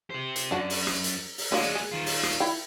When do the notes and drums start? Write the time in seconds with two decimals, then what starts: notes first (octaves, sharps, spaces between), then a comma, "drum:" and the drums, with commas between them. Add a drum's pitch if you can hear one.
0.10 C3 C5
0.36 drum: hi-hat
0.51 F#2 D4 F#4
0.70 drum: open hi-hat
0.87 drum: rim click
1.04 drum: hi-hat
1.38 drum: open hi-hat
1.52 D3 F#3 G#3 A#3 B3
1.75 G#4
1.91 D#3 F4
2.06 drum: open hi-hat
2.23 drum: rim click
2.40 E4 G5